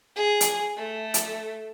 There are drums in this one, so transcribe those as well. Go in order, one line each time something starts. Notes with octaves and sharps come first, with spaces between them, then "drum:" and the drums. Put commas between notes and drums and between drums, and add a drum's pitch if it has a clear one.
G#4
drum: hi-hat
A3
drum: hi-hat